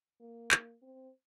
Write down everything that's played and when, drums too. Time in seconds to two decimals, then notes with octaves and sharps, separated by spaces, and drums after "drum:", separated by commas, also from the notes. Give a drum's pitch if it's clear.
0.21 A#3
0.51 drum: clap
0.82 C4